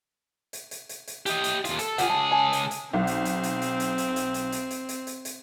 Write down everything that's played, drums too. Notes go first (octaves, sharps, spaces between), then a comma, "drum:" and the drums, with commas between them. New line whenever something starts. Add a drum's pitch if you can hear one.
drum: hi-hat
drum: hi-hat
drum: hi-hat
drum: hi-hat
G4 D#5, drum: hi-hat
drum: hi-hat
D#2 F4, drum: hi-hat
A4, drum: hi-hat
C#2 F4 G4 G#4 F#5, drum: hi-hat
A5
G#5 A5
drum: hi-hat
drum: hi-hat
B1 C4
drum: hi-hat
drum: hi-hat
drum: hi-hat
drum: hi-hat
drum: hi-hat
drum: hi-hat
drum: hi-hat
drum: hi-hat
drum: hi-hat
drum: hi-hat
drum: hi-hat
drum: hi-hat
drum: hi-hat